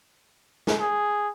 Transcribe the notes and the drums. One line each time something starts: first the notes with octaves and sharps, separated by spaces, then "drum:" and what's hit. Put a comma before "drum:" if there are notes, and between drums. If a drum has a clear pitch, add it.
drum: snare
G#4